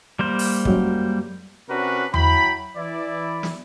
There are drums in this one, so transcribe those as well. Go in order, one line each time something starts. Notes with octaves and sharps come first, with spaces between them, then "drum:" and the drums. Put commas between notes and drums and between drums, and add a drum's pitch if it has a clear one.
G3 A#3 C5
drum: open hi-hat
F#2 F#3 G#3, drum: kick
C3 C#4 D4 F#4 A#4 B4
F#3 E4 G5 B5, drum: tom E2
E3 E4 D5
drum: snare